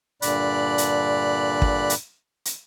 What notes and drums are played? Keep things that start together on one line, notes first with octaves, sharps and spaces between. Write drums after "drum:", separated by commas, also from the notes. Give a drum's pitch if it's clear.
G2 A#2 D3 D5 B5 F#6, drum: hi-hat
drum: hi-hat
drum: kick
drum: hi-hat
drum: hi-hat